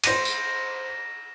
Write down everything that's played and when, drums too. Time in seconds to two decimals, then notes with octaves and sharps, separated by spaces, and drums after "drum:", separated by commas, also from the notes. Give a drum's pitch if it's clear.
0.04 C5 A#6 D#7 E7, drum: cymbal
0.25 drum: tambourine